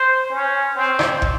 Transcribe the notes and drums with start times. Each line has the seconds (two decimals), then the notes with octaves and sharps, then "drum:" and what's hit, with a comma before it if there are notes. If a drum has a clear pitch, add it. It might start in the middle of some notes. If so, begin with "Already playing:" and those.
Already playing: C5
0.30 C#4
0.76 C4
0.99 drum: rim click
1.22 drum: kick